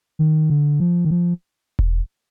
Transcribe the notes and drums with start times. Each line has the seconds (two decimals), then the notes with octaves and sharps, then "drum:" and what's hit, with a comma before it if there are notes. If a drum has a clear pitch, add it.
0.19 D#3
0.50 D3
0.80 F3
1.05 D#3
1.11 F3
1.79 drum: kick E1